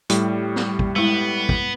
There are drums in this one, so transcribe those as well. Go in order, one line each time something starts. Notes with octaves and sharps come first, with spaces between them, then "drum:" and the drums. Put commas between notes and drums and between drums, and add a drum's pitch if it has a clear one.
A2 G3, drum: hi-hat
drum: snare
drum: kick
G#3 B3 E4
drum: kick